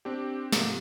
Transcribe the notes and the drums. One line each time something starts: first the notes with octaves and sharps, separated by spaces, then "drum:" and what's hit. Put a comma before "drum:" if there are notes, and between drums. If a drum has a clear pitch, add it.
C4 D4 G4
G#2 C3 F3 A3 A#3, drum: snare